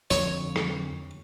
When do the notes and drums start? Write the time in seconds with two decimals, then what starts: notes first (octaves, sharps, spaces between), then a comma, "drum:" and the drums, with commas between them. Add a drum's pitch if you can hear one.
0.11 F2 D3 F3 C#5, drum: hi-hat
0.56 drum: rim click